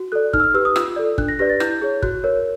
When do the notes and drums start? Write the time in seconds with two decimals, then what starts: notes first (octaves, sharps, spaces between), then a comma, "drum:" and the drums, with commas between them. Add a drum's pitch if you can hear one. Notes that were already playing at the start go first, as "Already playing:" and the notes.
Already playing: F#4
0.12 A4 D5 F#6
0.33 D#4 F6, drum: kick G1
0.40 E6
0.44 F6
0.54 G4 B4 E6
0.65 D#6
0.76 F4 E6, drum: rim click
0.96 A4 D5
1.18 D4 F#6, drum: kick G1
1.28 A#6
1.39 G4 B4 D5 A#6
1.50 A6
1.60 E4 G6, drum: rim click
1.82 G#4 C#5
2.02 F#4 F#6, drum: kick G1
2.24 A#4 C#5